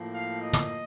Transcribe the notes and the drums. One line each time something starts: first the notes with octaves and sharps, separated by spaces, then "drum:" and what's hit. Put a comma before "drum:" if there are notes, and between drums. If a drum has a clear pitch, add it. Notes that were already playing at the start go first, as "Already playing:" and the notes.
Already playing: A2 F3 A#3
F5
D#5
drum: tom